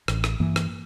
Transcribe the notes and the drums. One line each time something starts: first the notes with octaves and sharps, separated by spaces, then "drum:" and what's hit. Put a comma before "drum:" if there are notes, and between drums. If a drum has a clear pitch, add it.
A1, drum: rim click
drum: rim click
G2 E3 A#3
drum: rim click